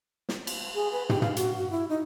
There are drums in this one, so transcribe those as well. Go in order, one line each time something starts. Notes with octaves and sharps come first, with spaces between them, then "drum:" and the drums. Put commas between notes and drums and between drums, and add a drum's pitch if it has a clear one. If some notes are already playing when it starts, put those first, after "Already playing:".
drum: snare
drum: cymbal
G#4
B4
G4, drum: tom
F5, drum: tom
F#4, drum: hi-hat
F#4
E4
D#4